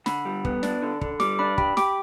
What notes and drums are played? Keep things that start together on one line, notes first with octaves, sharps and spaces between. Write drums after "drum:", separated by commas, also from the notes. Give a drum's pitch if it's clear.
D3 B5, drum: snare
G3
B3, drum: kick
D4, drum: snare
D3
D3, drum: kick
G3 D6, drum: snare
D4 B5
G4 B5, drum: kick
G4 D6, drum: snare